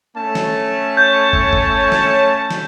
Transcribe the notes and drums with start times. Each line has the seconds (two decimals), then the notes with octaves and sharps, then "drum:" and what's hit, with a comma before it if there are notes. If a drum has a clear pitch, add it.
0.16 A3 C#4 A5
0.35 drum: snare
0.97 C#5 G6
1.33 drum: kick
1.53 drum: kick
1.92 drum: snare
2.51 drum: snare